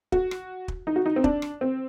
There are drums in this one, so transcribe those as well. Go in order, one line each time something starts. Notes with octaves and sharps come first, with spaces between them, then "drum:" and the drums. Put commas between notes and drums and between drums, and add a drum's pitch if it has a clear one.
F#4, drum: kick
drum: rim click
drum: kick
D#4
F#4
D#4
C4
D4, drum: kick
drum: rim click
C4